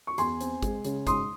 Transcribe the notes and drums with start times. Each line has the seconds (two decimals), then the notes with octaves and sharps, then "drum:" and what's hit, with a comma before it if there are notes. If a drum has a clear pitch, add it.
0.07 C#6
0.18 E2 G#5 C6, drum: hi-hat
0.41 C4, drum: hi-hat
0.63 G#3, drum: kick, hi-hat
0.85 C#3, drum: hi-hat
1.07 G#2 C6 D#6, drum: kick, hi-hat